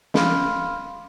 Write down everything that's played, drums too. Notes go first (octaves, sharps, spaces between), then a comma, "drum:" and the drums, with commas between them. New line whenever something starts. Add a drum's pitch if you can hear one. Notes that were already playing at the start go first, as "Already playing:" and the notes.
F5 B5 C6 D6 F6, drum: snare